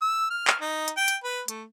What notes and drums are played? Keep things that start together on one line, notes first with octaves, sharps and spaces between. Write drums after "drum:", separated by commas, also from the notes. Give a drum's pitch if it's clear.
E6
F6
drum: clap
D#4
drum: hi-hat
G5
drum: hi-hat
B4
A3, drum: hi-hat